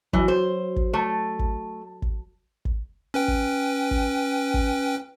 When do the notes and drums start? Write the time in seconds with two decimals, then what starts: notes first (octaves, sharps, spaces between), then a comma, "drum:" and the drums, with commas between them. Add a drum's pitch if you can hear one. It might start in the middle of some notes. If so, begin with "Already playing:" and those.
0.13 E3 F#3, drum: kick
0.28 C5
0.76 drum: kick
0.93 A3
1.39 drum: kick
2.02 drum: kick
2.65 drum: kick
3.14 C#4 B4 G5
3.28 drum: kick
3.91 drum: kick
4.54 drum: kick